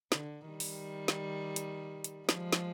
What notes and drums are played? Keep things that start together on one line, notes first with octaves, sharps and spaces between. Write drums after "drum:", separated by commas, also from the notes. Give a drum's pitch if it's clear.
D3, drum: snare
D#3 G3
drum: open hi-hat
drum: snare
drum: hi-hat
drum: hi-hat
F3 G#3, drum: snare
drum: snare